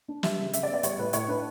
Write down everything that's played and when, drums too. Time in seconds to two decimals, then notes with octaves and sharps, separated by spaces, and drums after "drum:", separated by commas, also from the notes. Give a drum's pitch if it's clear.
0.08 D4
0.23 G3 E5, drum: snare
0.38 C#3
0.53 C#3 E5, drum: hi-hat
0.63 D5
0.68 B3
0.74 D5
0.83 G3 C#5, drum: hi-hat
0.98 A2 B4
1.13 A2 C#5, drum: hi-hat
1.28 D4 B4